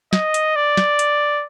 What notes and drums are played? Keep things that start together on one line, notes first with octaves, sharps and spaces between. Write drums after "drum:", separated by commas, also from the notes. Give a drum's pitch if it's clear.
D#5, drum: snare
drum: hi-hat
D5
drum: snare
drum: hi-hat